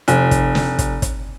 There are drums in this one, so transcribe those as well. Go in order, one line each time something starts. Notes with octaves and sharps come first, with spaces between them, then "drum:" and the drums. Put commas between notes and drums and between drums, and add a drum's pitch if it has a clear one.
F1, drum: hi-hat
drum: kick, hi-hat
drum: snare
drum: kick, hi-hat
drum: kick, hi-hat